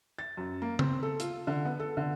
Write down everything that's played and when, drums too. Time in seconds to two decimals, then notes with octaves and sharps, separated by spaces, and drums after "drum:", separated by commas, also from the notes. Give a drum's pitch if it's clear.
0.19 A6
0.37 F#2
0.62 A#3
0.79 C4, drum: tom C#3
1.03 A4
1.20 F4, drum: hi-hat
1.47 D3
1.65 B3
1.80 A4
1.97 D3